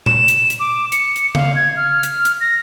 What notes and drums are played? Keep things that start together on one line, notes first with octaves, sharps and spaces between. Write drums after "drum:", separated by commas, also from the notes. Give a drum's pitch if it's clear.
E7, drum: tom A#2
drum: hi-hat
drum: hi-hat
D6
C#7, drum: hi-hat
drum: hi-hat
F5, drum: tom C#3
G#6
F6
drum: hi-hat
drum: hi-hat
A#6